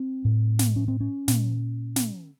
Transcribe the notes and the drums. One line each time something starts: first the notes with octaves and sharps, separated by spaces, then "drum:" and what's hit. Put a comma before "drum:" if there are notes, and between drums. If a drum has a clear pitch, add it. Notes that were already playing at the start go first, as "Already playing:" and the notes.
Already playing: C4
A2
drum: snare
C#4
C4
C#4
A#2, drum: snare
drum: snare